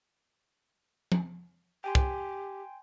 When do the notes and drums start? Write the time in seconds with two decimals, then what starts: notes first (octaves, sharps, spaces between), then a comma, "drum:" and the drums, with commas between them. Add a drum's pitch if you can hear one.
1.12 drum: tom F3
1.84 G4 G5 G#5 C6
1.95 drum: kick